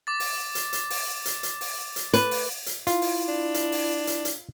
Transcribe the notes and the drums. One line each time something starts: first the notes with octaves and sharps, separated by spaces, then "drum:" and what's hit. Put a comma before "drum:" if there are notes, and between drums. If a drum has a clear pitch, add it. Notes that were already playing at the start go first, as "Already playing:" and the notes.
D6 A6
drum: open hi-hat
drum: hi-hat
drum: hi-hat
drum: open hi-hat
drum: hi-hat
drum: hi-hat
drum: open hi-hat
drum: hi-hat
B4, drum: hi-hat
drum: open hi-hat
drum: hi-hat
E4 F4, drum: hi-hat
drum: open hi-hat
D4
drum: hi-hat
drum: open hi-hat
drum: hi-hat
drum: hi-hat